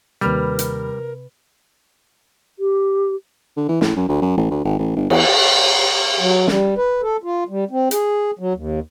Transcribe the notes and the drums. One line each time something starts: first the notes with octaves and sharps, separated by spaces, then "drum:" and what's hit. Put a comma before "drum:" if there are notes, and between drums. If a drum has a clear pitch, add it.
D#2 C3 G3 A#4 B4 B5 F6
drum: hi-hat
G4
D3
E3
A2, drum: snare
F#2
D2
F#2
A1
D2
G#1
A1
G1
E2, drum: cymbal
F#3
G3, drum: snare
B4
A4
F4
G3
C4
G#4, drum: hi-hat
F#3
D#2